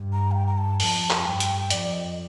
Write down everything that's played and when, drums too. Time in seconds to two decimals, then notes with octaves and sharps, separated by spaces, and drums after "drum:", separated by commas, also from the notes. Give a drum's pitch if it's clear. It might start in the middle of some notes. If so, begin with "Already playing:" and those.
Already playing: G2
0.13 A#5
0.31 F5
0.35 G5
0.47 A#5
0.57 A5
0.80 F2 A5, drum: open hi-hat
1.10 drum: clap
1.25 G2 G5
1.40 drum: hi-hat
1.70 F2 D5, drum: hi-hat
1.93 D#5